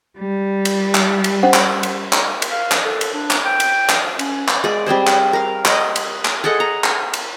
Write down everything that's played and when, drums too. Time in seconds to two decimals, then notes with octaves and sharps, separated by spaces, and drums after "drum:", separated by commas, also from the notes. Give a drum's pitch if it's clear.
0.19 G3
0.65 drum: cymbal
0.95 drum: clap
1.24 drum: cymbal
1.43 C#4 C5 F#5
1.54 drum: clap
1.83 drum: cymbal
2.13 drum: clap
2.42 drum: cymbal
2.51 F5
2.72 drum: clap
2.84 A4
3.01 drum: cymbal
3.14 D4
3.30 drum: clap
3.45 G5
3.60 drum: cymbal
3.89 drum: clap
4.19 C#4, drum: cymbal
4.48 drum: clap
4.64 G#3 D5
4.86 G3 C4 G#4 C5
5.07 drum: clap
5.33 A#4 F5
5.65 D#5, drum: clap
5.96 drum: cymbal
6.25 drum: clap
6.44 G#4 A4 D#5 F#5
6.60 A#5
6.84 drum: clap
7.13 drum: cymbal